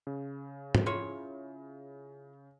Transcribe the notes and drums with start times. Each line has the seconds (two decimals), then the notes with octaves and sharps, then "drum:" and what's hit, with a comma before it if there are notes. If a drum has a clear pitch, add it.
0.07 C#3
0.75 drum: tom G#2
0.86 E4 F4 C#5